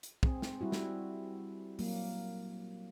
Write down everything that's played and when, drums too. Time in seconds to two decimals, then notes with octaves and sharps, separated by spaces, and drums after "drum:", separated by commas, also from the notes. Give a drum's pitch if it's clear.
0.03 drum: hi-hat
0.23 C4 G#4, drum: kick
0.42 drum: snare
0.61 G3 E4 F#4
0.72 drum: snare
1.79 F#3 A#3, drum: open hi-hat